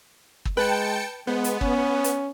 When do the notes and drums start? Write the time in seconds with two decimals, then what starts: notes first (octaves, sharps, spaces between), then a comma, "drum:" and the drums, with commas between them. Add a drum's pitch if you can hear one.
0.45 drum: kick
0.57 G#3 B4 G5 A5 C#7
1.27 G#3 B3 C5
1.44 drum: hi-hat
1.61 C#4, drum: kick
2.04 drum: hi-hat